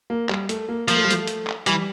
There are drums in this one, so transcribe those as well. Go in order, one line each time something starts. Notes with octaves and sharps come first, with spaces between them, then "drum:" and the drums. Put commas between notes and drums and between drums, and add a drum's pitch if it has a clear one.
A#3
G3, drum: clap
A3, drum: hi-hat
A#3
F3 A#3, drum: hi-hat
A3
G3
A3, drum: hi-hat
drum: hi-hat
drum: clap
E3 G3, drum: hi-hat